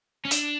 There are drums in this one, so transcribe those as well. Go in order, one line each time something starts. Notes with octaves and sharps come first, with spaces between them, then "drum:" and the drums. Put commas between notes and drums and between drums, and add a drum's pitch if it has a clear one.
C#4
D4, drum: hi-hat